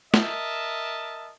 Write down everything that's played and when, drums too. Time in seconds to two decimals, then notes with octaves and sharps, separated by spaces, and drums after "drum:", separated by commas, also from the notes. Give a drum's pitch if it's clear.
0.14 A#4 D#5 E5 A5, drum: snare